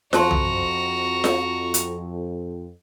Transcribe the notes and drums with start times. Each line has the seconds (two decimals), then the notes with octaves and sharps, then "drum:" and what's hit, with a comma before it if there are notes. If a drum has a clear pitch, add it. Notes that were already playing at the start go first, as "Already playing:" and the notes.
0.13 F2 F#4 C5 A5 A#5 C6, drum: snare F4
0.31 drum: tom B1
1.24 drum: snare F4
1.74 drum: hi-hat